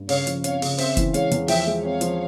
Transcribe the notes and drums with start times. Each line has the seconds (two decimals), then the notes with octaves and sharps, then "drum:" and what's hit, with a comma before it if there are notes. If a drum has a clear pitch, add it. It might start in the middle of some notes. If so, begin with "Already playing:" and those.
Already playing: G2
0.09 C#3 C#5 F5, drum: open hi-hat
0.27 F3, drum: hi-hat
0.44 C4 C#5 F5, drum: hi-hat
0.62 C#3, drum: open hi-hat
0.78 C4 C5 E5, drum: open hi-hat
0.97 E3, drum: kick F1, hi-hat
1.14 G#3 C#5 F5, drum: hi-hat
1.31 E2, drum: hi-hat
1.48 F3 E5 G5, drum: open hi-hat
1.67 G#3
1.83 C4 C#5 F5
2.01 F3, drum: hi-hat